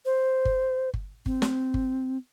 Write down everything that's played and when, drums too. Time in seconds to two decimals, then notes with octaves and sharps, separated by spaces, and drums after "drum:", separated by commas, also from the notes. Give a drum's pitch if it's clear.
0.05 C5
0.45 drum: kick G1
0.94 drum: kick G1
1.26 C4, drum: kick G1
1.42 drum: snare
1.74 drum: kick G1